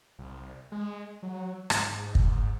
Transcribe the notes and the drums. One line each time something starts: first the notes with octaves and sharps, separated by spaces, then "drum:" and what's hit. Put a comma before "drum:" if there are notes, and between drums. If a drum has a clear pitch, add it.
C2
G#3
F#3
G#2, drum: rim click
drum: kick